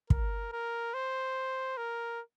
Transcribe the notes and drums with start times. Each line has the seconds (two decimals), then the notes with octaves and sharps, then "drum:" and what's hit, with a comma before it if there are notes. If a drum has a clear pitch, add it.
0.10 A#4, drum: kick
0.52 A#4
0.94 C5
1.77 A#4